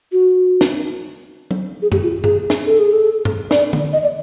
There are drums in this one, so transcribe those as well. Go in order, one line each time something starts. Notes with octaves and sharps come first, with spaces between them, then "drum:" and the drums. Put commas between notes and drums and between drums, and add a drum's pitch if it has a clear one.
F#4
drum: snare
drum: tom
G#4
G4, drum: tom F#2
F4
G#4, drum: tom G2
drum: snare
A4
G#4
A4
drum: tom G2
D5, drum: snare
drum: tom
D#5
D5